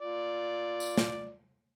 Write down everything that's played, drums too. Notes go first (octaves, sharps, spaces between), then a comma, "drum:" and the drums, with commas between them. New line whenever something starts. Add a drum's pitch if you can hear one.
F4 D5
drum: tambourine
drum: snare